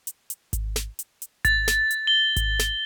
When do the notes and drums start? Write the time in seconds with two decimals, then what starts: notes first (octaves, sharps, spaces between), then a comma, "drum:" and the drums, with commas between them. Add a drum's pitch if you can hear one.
0.07 drum: hi-hat
0.30 drum: hi-hat
0.53 drum: kick G#1, hi-hat
0.76 drum: snare
0.99 drum: hi-hat
1.22 drum: hi-hat
1.45 A6, drum: kick G#1, hi-hat
1.68 drum: snare
1.91 drum: hi-hat
2.07 G7
2.36 drum: kick G#1, hi-hat
2.59 drum: snare